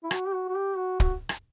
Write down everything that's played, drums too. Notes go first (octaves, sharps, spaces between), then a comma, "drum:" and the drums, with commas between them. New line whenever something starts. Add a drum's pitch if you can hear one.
E4
F#4, drum: rim click
G4
F#4
F#4
G4
F#4
F#4, drum: kick
drum: rim click